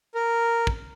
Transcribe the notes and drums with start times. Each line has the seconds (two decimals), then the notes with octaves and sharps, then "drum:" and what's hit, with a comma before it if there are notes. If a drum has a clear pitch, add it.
0.15 A#4
0.67 drum: kick